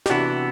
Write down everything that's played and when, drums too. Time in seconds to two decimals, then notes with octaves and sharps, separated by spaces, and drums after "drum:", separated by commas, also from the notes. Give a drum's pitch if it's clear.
0.06 G4, drum: snare
0.10 C3 E3 B3 D4 E4 F#4